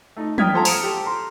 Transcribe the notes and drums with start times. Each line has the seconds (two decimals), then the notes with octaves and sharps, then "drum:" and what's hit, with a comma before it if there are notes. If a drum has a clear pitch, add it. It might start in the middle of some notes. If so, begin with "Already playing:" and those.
0.16 A3 D#4
0.38 G5 D#6 F6 G#6 B6, drum: tom
0.53 F4 A4 C5 A5 A#5
0.65 F#5 D#6 C#7 D7 E7 F7, drum: open hi-hat
0.83 G4 A4
1.05 A#5 C6